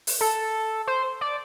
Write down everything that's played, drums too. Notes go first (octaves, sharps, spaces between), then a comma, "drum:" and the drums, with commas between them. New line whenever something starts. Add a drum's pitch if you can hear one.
drum: open hi-hat
A4
C5
D5